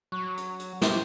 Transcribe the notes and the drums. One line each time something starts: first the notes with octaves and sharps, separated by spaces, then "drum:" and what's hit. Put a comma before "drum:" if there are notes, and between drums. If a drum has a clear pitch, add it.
F#3 C#6 F#6
drum: hi-hat
drum: hi-hat
G4 C5, drum: snare